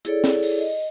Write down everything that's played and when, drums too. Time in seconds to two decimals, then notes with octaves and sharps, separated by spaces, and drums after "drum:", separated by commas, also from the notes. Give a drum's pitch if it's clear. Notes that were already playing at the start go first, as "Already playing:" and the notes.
0.05 E4 G#4 A4 C#5 D5, drum: hi-hat
0.24 drum: snare
0.43 drum: open hi-hat
0.59 D#5